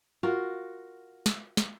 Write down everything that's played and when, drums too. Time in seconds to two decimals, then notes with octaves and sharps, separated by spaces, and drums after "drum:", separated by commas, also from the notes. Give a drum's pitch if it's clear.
0.23 F4 F#4 A#4
1.26 drum: snare
1.57 drum: snare